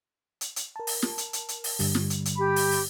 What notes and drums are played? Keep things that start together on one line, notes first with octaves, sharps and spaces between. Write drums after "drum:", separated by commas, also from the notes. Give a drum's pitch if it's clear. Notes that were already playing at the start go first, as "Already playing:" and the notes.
drum: hi-hat
drum: hi-hat
A#4 A5
drum: open hi-hat
drum: snare
drum: hi-hat
drum: hi-hat
drum: hi-hat
drum: open hi-hat
G2 D3 G3, drum: open hi-hat
drum: snare
drum: hi-hat
drum: hi-hat
G4 B5
drum: open hi-hat
drum: open hi-hat